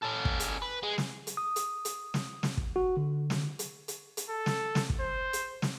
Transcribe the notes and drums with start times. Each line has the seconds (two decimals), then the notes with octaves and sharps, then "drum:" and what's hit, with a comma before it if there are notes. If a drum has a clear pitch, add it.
0.02 C#4 A4
0.25 drum: kick
0.40 drum: hi-hat
0.62 B4
0.83 G#3
0.98 drum: snare
1.27 drum: hi-hat
1.37 D#6
1.56 drum: hi-hat
1.85 drum: hi-hat
2.14 drum: snare
2.43 drum: snare
2.57 drum: kick
2.76 F#4
2.97 D3
3.30 drum: snare
3.59 drum: hi-hat
3.88 drum: hi-hat
4.17 drum: hi-hat
4.29 A4
4.46 drum: snare
4.75 drum: snare
4.90 drum: kick
5.00 C5
5.33 drum: hi-hat
5.62 drum: snare